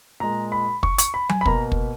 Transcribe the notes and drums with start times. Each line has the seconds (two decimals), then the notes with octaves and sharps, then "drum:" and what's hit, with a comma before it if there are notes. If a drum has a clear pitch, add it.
0.20 A#2 G#3 A#5
0.52 B5
0.83 C#6, drum: kick
0.98 C#6, drum: hi-hat
1.14 B5
1.29 G#5, drum: tom F#3
1.41 B5
1.45 B2 A#3 A#5, drum: kick
1.72 drum: kick